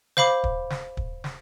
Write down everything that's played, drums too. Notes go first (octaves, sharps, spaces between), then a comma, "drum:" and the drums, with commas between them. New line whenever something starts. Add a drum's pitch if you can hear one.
C5 F5 B5 D6, drum: snare
drum: kick
drum: snare
drum: kick
drum: snare